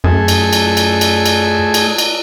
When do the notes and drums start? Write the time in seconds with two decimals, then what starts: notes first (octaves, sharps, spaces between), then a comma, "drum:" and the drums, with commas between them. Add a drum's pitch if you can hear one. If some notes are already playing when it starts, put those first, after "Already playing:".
0.04 F#2 A3 G#4
0.28 drum: cymbal
0.53 drum: cymbal
0.77 drum: cymbal
1.01 drum: cymbal
1.26 drum: cymbal
1.74 drum: cymbal
1.98 drum: cymbal